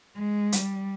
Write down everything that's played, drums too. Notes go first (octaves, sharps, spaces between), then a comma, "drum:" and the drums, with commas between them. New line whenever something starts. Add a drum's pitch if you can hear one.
G#3
G3, drum: hi-hat